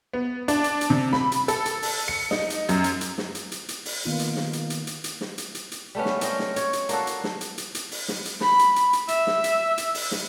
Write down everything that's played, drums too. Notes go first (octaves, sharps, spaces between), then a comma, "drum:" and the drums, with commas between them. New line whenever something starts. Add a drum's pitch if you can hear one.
B3
D4, drum: hi-hat
drum: hi-hat
drum: hi-hat
C3
B5, drum: snare
drum: hi-hat
A4, drum: hi-hat
drum: hi-hat
drum: open hi-hat
C#7
D#4, drum: snare
drum: hi-hat
F#2, drum: hi-hat
drum: hi-hat
drum: hi-hat
drum: snare
drum: hi-hat
drum: hi-hat
drum: hi-hat
drum: open hi-hat
D#3 A#3 B3 D#4 F4
drum: hi-hat
drum: snare
drum: hi-hat
drum: hi-hat
drum: hi-hat
drum: hi-hat
drum: snare
drum: hi-hat
drum: hi-hat
drum: hi-hat
G3 A3 B3 C#4
drum: snare
C4 C#4 D#5 G5, drum: hi-hat
drum: snare
C#5, drum: hi-hat
drum: hi-hat
A#3 D4 F#4 A4, drum: hi-hat
drum: hi-hat
drum: snare
drum: hi-hat
drum: hi-hat
drum: hi-hat
drum: open hi-hat
drum: snare
drum: hi-hat
B5, drum: snare
drum: hi-hat
drum: hi-hat
drum: hi-hat
E5, drum: hi-hat
drum: snare
drum: hi-hat
drum: hi-hat
drum: open hi-hat
drum: snare